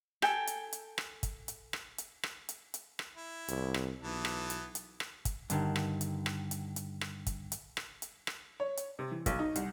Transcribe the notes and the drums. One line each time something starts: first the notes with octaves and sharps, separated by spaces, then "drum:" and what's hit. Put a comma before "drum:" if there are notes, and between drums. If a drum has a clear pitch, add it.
A4 G5 G#5, drum: rim click
drum: hi-hat
drum: hi-hat
drum: rim click
drum: kick, hi-hat
drum: hi-hat
drum: rim click
drum: hi-hat
drum: rim click
drum: hi-hat
drum: hi-hat
drum: rim click
E4
C2, drum: hi-hat
drum: rim click
B1 E3 B3 A5
drum: rim click
drum: hi-hat
drum: hi-hat
drum: rim click
drum: kick, hi-hat
G2 D3 D#3, drum: hi-hat
drum: rim click
drum: hi-hat
drum: rim click
drum: hi-hat
drum: hi-hat
drum: rim click
drum: kick, hi-hat
drum: hi-hat
drum: rim click
drum: hi-hat
drum: rim click
C#5
drum: hi-hat
C3
E3
B1, drum: kick, hi-hat
D#4
C2, drum: hi-hat